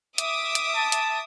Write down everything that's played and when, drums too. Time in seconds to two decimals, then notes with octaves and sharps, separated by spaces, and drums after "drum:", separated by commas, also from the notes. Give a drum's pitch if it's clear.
0.18 E5 D6 D#6, drum: hi-hat
0.55 drum: hi-hat
0.76 A5
0.92 drum: hi-hat